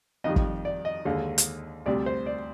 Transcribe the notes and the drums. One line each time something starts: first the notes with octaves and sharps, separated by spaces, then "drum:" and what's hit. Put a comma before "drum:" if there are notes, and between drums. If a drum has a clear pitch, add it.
F2 D#3 G3 D#5
drum: kick
D5
D#5
D#2 D3 G#3
drum: hi-hat
D2 C3 G3 D5
C5
D5